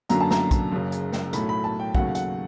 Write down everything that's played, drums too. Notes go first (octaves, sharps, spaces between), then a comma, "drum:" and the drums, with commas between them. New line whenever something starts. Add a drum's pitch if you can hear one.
F#2 D3 F#3 A#3 A#5, drum: hi-hat
A5
A#5, drum: snare
drum: kick, hi-hat
F#1 F#2 C#3
drum: hi-hat
drum: snare
B1 A2 F#3 A3 B5, drum: hi-hat
B5
A5
G5
D#2 C#3 F#3 A3 F#5, drum: kick
F#5, drum: hi-hat